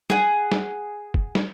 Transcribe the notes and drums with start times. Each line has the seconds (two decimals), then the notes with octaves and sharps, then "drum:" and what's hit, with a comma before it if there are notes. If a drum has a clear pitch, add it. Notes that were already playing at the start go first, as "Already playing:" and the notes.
0.10 G#4 F#5, drum: snare
0.52 drum: snare
1.14 drum: kick
1.35 drum: snare